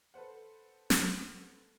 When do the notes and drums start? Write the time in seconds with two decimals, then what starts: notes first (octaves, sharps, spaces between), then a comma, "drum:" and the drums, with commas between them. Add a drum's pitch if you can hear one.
0.14 A4 B4 C5 F#5
0.90 drum: snare